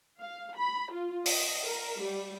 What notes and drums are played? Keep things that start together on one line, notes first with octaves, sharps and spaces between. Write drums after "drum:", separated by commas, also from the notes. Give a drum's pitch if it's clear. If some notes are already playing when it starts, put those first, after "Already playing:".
F5
B5
F4
D#5, drum: open hi-hat
A#4
G3